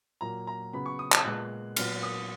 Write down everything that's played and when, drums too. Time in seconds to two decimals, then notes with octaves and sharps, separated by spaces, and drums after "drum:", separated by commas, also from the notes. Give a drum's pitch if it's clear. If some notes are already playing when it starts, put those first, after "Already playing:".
0.21 A#2 F#3 A#3 A#5
0.47 A#5
0.73 C#3 F#3 B3 B5
0.86 C#6
0.99 D#6
1.12 F6, drum: clap
1.24 A#2 G#3 B3 F#6
1.76 A#2 F#3 B3 F6, drum: cymbal
2.03 D#6